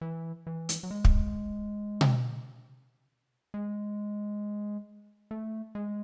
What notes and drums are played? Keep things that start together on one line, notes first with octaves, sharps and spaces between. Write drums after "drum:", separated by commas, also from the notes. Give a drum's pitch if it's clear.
E3
E3
drum: hi-hat
F#3
G#3
drum: kick
drum: tom B2
G#3
A3
G#3